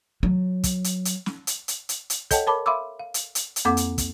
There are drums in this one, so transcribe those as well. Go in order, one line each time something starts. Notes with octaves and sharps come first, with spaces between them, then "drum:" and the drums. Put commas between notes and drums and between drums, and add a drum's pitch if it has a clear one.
F#3
drum: kick, hi-hat
drum: hi-hat
drum: hi-hat
drum: snare
drum: hi-hat
drum: hi-hat
drum: hi-hat
drum: hi-hat
A4 C#5 D#5 F#5 G5 A5, drum: kick, hi-hat
A#4 C#5 A5 B5 D6
E5 F5 B5 C6 D6 E6
F5
drum: hi-hat
drum: hi-hat
drum: hi-hat
F2 A#3 C4 A4 F#5 D6
drum: hi-hat
drum: kick, hi-hat